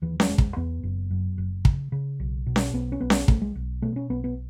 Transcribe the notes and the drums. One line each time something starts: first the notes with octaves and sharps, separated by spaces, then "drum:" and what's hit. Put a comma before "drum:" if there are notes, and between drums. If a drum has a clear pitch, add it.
D#2 E3
F#3, drum: snare C#4
E1 G#3
drum: kick
E2 B3
F#1
F#2
F#1
C#3, drum: kick
C#3
B1
B2
drum: snare C#4
B1 B3
C#4
B1 B3
drum: snare C#4
B1 A3, drum: kick
G#3
B1
B2 A3
C#4
B1 B3
B3